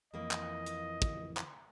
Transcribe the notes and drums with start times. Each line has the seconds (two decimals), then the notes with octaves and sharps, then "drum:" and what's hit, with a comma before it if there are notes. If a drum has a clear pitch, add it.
0.14 F2 E3 A#3 D#5
0.31 drum: clap
0.66 drum: hi-hat
1.02 drum: kick, hi-hat
1.37 drum: clap